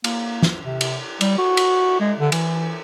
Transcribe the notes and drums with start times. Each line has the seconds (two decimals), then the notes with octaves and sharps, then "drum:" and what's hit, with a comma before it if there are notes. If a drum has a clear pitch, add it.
0.04 A#3, drum: cymbal
0.42 drum: snare
0.65 C3
0.81 drum: cymbal
1.21 G3, drum: cymbal
1.38 F#4
1.57 drum: cymbal
2.00 G#3
2.19 D3
2.32 E3, drum: cymbal